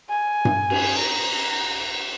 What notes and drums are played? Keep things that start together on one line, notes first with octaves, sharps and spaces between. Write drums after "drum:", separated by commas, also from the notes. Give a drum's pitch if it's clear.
G#5
drum: tom G2
drum: cymbal
A#5